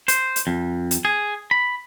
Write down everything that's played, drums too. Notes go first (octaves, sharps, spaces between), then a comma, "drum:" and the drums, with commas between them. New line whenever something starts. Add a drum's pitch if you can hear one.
C5, drum: hi-hat
drum: hi-hat
F2
drum: hi-hat
G#4
B5